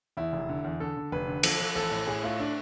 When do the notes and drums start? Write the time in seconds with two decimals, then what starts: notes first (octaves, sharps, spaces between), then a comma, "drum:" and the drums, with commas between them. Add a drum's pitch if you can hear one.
0.17 E2 E4
0.33 F1
0.49 D3
0.64 E2
0.80 D3 A4
0.97 D3
1.12 F1 B4
1.28 D3
1.43 F3 A4, drum: cymbal
1.60 F3
1.75 A1 A4
1.91 A2
2.07 A2 G#4
2.23 A3 F4
2.40 D4